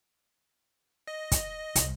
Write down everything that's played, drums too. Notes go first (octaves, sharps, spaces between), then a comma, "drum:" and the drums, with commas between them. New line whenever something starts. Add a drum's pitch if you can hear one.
D#5
drum: kick, hi-hat
C2, drum: hi-hat